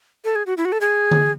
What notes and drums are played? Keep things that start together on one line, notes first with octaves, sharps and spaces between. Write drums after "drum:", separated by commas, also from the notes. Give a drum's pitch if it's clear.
A4
G#4
F#4
E4
F#4
A4
G#4
drum: tom D3